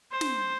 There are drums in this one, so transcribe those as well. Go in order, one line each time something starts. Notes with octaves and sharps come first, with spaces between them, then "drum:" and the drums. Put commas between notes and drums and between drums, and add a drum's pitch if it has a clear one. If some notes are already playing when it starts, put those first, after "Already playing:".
C5
drum: snare